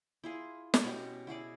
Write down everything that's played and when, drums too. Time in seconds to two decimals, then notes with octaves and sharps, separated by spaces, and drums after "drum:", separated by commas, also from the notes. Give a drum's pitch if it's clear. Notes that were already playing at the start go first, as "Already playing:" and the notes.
0.24 E4 F4 G#4
0.74 drum: snare
0.84 B2 C#4 F#4 G4
1.27 E4 F#4 G#4 D5